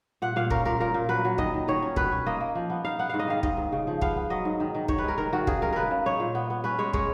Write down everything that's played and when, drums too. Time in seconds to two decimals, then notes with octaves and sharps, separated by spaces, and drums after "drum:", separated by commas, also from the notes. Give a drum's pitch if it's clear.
0.22 A#2 F#5
0.36 A#2 F5
0.50 C#4 A#4, drum: kick
0.65 A#2 A#4
0.80 A#2 A#4
0.94 A#2
1.09 F#3 B4
1.25 F#3
1.38 D#3 D#5, drum: kick
1.54 D#3
1.68 D#3 C#5
1.83 C#4
1.96 B2 B4, drum: kick
2.12 C#4
2.26 A#3 D#5
2.40 A#3
2.55 F3
2.70 B3
2.85 D#4 F5
2.99 B3 F#5
3.09 G#2 F5
3.19 D#5
3.28 D#3 F5
3.43 G#2 D#5, drum: kick
3.57 G#2
3.73 C#3
3.87 F3
4.02 B3 F5, drum: kick
4.17 B3
4.30 F#3 D#5
4.45 G#2
4.60 D#3
4.75 D#3
4.88 D#3 C#5, drum: kick
4.98 B4
5.04 G#3 A#4
5.18 D#3 A#4
5.33 D#3 F#4
5.47 C#3 G#4, drum: kick
5.62 G#3 A#4
5.73 C#3 A#4 B4
5.91 C#3
6.06 D#4 C#5
6.20 A#2
6.35 B3
6.50 B3
6.64 C#4 B4
6.78 G#3 C#5
6.93 G#3 C#5, drum: kick